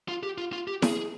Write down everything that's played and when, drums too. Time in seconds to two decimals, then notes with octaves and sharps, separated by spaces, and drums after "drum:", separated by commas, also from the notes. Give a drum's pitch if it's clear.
0.08 F4
0.23 G4
0.38 F4
0.53 F4
0.68 G4
0.82 G#4, drum: snare E4